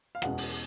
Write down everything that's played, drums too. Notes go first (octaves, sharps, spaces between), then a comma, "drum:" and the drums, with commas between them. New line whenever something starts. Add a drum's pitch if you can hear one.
F5
E2 B2 G#3 C#4 F#5, drum: rim click
drum: open hi-hat